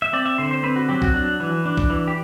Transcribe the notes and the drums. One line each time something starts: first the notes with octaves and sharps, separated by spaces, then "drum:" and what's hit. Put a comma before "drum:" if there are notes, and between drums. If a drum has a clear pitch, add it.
E5
C4 D5
E5
D3 C5
C5
C4 B4
F#4
F#3 G4
F#4, drum: kick B1
D4
E3
D4
drum: kick B1
E3
G4